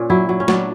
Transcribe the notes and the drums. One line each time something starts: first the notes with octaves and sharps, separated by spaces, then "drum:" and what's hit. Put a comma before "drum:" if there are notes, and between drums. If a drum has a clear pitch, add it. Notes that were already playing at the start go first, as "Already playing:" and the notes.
Already playing: A#2 C#4
F#3 E4
F#3
C#4
F#3 D4, drum: snare